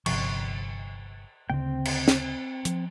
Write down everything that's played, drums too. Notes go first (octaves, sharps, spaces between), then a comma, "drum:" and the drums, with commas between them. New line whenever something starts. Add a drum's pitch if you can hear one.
G1 C3 F3 C#6, drum: cymbal
D2 C#3 A#3 C4 G5
drum: cymbal
drum: snare
F3, drum: hi-hat